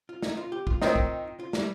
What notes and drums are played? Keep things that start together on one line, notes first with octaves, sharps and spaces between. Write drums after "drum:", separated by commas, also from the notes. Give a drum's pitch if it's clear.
F4
D#4, drum: snare
F4
G4
F4, drum: kick
D#3 C4 D#4, drum: snare
drum: kick
F4
G3, drum: snare